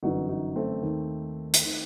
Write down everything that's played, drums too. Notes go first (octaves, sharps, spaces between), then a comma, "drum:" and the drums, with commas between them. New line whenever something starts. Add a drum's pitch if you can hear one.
G1 F#2 E3 D#4 F#4
D#4 F#4
A3 C4
D#2 D#3
drum: hi-hat
D#3